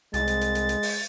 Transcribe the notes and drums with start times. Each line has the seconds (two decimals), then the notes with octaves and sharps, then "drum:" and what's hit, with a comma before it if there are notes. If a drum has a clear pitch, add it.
0.14 C2 G#3 A6, drum: hi-hat
0.27 drum: hi-hat
0.41 drum: hi-hat
0.55 drum: hi-hat
0.69 drum: hi-hat
0.83 drum: open hi-hat